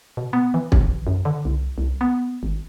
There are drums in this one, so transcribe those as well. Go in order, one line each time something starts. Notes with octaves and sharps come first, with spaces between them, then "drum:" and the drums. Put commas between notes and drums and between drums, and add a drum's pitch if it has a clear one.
B2
B3
E3
drum: kick
F#2
D3
C2
C2
B3
G#1